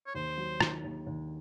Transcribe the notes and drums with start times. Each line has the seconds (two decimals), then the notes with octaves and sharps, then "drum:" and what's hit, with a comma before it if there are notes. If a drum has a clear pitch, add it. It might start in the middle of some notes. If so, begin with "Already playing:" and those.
0.07 C#5
0.15 D#2 C5
0.38 F#3
0.61 D#3, drum: rim click
0.84 D#2
1.07 D#2